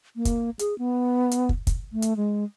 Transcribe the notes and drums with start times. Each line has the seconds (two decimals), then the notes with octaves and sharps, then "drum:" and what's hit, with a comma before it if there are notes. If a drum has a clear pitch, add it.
0.16 A#3
0.25 drum: kick, hi-hat
0.59 G#4, drum: hi-hat
0.78 B3
1.31 drum: hi-hat
1.49 drum: kick
1.67 drum: kick, hi-hat
1.93 A3
2.02 drum: hi-hat
2.17 G#3